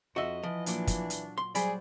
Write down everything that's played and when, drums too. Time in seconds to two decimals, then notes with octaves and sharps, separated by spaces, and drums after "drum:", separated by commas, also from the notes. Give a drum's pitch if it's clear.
0.16 F2 F#4 D#5 E5
0.43 E3 F3
0.66 A#2 F#3 D4 D6, drum: hi-hat
0.87 drum: kick, hi-hat
1.10 drum: hi-hat
1.38 C6
1.55 F#3 G3 G#4 C5 D5 B5, drum: hi-hat